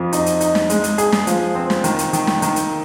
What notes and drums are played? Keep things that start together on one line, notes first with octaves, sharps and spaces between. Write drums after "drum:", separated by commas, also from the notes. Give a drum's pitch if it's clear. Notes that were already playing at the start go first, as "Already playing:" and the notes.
Already playing: F2 F3
D#4, drum: hi-hat
drum: hi-hat
D#4, drum: hi-hat
drum: snare
G#3, drum: hi-hat
drum: hi-hat
G#4, drum: hi-hat
drum: snare
F3, drum: hi-hat
C4
drum: snare
D#3, drum: hi-hat
drum: hi-hat
D#3, drum: hi-hat
drum: snare
D#3, drum: hi-hat
drum: hi-hat